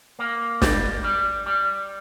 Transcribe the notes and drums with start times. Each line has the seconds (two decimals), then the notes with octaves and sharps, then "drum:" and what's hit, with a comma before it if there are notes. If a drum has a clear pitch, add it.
0.19 A#3
0.62 G3, drum: snare
1.04 G3
1.46 G3